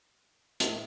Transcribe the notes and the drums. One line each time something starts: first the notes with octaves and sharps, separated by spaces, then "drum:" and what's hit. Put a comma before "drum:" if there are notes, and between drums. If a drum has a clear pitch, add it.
A2 A3 D#4, drum: hi-hat